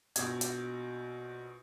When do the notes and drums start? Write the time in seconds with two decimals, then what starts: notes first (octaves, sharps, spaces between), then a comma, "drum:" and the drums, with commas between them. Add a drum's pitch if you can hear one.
0.16 A#1 B2 G#6, drum: hi-hat
0.41 drum: hi-hat